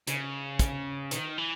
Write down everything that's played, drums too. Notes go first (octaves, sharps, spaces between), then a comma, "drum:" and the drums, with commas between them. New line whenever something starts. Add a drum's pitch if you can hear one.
C#3, drum: hi-hat
drum: kick, hi-hat
D#3, drum: hi-hat
E3